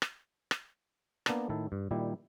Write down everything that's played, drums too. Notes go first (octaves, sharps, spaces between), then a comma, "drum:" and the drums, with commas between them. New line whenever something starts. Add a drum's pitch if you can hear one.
drum: rim click
drum: rim click
A#3 B3 D4 D5 A5 A#5, drum: rim click
A2 D#3 E4 A4
G2
A#2 D#3 G3 E4 G4